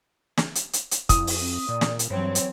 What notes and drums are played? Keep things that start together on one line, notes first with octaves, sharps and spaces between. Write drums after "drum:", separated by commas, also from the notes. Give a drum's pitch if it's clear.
drum: snare
drum: hi-hat
drum: hi-hat
drum: hi-hat
F2 E4 D#6, drum: kick, hi-hat
drum: open hi-hat
C4
A#2 D5
drum: snare
drum: hi-hat
G2 E3 F#3 C4 C#5
drum: hi-hat